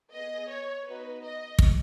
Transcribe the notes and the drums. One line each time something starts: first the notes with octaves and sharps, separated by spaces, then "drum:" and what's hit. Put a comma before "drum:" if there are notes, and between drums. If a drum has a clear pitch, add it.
B3 G#4 D#5
C#5
B3 D#4 F#4 B4
D#5
drum: kick